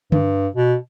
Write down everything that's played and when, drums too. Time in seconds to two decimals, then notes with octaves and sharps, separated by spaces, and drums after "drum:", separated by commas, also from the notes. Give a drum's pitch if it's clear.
0.12 G2, drum: tom D3
0.56 B2